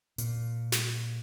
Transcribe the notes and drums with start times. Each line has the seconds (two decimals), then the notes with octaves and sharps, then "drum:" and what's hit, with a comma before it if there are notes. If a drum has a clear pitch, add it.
0.18 A#2, drum: hi-hat
0.72 drum: snare